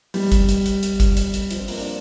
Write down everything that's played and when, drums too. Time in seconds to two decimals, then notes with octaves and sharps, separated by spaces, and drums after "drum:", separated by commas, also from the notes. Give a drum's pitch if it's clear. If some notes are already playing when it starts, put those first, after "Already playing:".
0.14 G3, drum: open hi-hat
0.32 drum: kick, hi-hat
0.49 drum: hi-hat
0.66 drum: hi-hat
0.83 drum: hi-hat
1.00 drum: kick, hi-hat
1.17 drum: hi-hat
1.34 drum: hi-hat
1.51 F3, drum: hi-hat
1.60 C4
1.68 A#3, drum: open hi-hat
1.76 D4